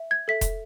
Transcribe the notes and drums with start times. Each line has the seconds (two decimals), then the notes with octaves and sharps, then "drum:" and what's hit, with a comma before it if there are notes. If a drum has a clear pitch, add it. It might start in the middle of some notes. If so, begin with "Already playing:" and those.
Already playing: E5
0.11 G#6
0.28 A4 E5 B6
0.41 drum: kick E1, hi-hat